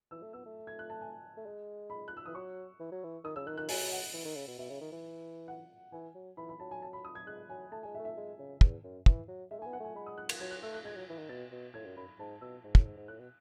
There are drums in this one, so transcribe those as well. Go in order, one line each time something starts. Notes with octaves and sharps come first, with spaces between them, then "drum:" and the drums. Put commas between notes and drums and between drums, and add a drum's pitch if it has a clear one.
E3 E6
A3
B3 E6
A3
G#6
F#6
A5
G#5
A3
G#3
B5
F#6
E6
E3 D#6
F#3 C#6
E3
F#3
E3
D#3 D#6
C#3 E6
D#3 F#6
D#3 F#6
F#3 G#5, drum: open hi-hat
F#5
E3
D#3
C#3
B2
B2 E5
C#3
D#3
E3
F#5
E3 G#5
F#3
E3 B5
B5
F#3 A5
G#5
A5
B5
D#6
G#6
G#3 F#6
F#3 G#5
A3 A5
G#3 G#5
E5
A3
E5
G#3
C#3
E2, drum: kick
F#2
E3, drum: kick
F#3
G#3 E5
A3
G#5
B3
F#5
A3 G#5
G#3 B5
D#6
F#6
G#6, drum: cymbal
F#3 G#6
F#6
A3 E6
F#6
G#3 G#6
F#3
E3
D#3
B2 A6
B2
A2 G#6
F#2
F#2 B5
G#2 A5
B2 E6
G#2
A2, drum: kick
G#2
G#2
A2 F#6
B2